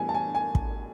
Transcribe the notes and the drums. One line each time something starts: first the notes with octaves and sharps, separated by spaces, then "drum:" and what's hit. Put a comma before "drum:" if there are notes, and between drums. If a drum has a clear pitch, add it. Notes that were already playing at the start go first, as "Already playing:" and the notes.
Already playing: A2 E3 G3 B3 G#5
A5
G#5
G#5
drum: kick